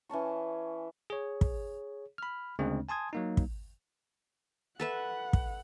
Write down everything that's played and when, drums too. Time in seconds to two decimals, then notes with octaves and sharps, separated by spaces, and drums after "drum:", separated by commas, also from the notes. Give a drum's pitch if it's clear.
0.09 E3 C#4 A5 C#6
1.10 G#4 C#5
1.41 drum: kick
2.18 B5 F6
2.59 D2 C#3 G#3 C4 D4
2.89 G#5 A5 C6 D#6 G#6
3.13 F#3 A#3 D#4
3.37 drum: kick
4.80 A4 B4 E5 F#5
5.33 drum: kick